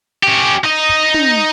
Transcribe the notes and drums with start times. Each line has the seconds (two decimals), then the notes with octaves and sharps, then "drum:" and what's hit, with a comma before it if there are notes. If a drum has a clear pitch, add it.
0.23 C#4 G4
0.64 D#4 D#5
0.89 drum: kick
1.14 drum: tom